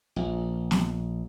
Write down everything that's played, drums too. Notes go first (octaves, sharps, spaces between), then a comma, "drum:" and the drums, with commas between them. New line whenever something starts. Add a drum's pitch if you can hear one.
A#1
drum: snare